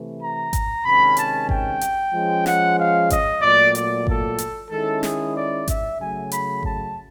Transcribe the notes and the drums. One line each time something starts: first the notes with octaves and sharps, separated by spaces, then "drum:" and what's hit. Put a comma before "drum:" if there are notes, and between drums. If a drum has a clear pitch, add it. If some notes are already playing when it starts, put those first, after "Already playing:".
Already playing: C3 E3 A3
A#5
drum: kick G#1, hi-hat
C3 D#3 G#3 C#4 B5
A5, drum: hi-hat
G5, drum: kick G#1
drum: hi-hat
F3 G#3 C#4
F#5, drum: snare
F5
D#5, drum: kick G#1, hi-hat
A#2 F#3 A3 D5
D5, drum: hi-hat
A4, drum: kick G#1
drum: hi-hat
D#3 G#3 C#4 E4 A4
G#4, drum: snare
D5
E5, drum: kick G#1, hi-hat
C#3 F#3 A3 G#5
B5, drum: hi-hat
A5, drum: kick G#1